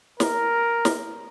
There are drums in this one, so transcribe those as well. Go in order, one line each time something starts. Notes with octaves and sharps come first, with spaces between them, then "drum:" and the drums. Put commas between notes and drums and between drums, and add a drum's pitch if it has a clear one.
A#4, drum: snare
drum: snare